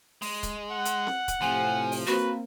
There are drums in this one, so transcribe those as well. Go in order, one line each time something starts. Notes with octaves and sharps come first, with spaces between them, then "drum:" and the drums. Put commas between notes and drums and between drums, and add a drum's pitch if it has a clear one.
G#3, drum: open hi-hat
drum: kick, hi-hat
F#5
drum: hi-hat
drum: snare C4
drum: kick, hi-hat
A2 C3 F3 G#5
drum: open hi-hat
A#3 C4 F#4 B4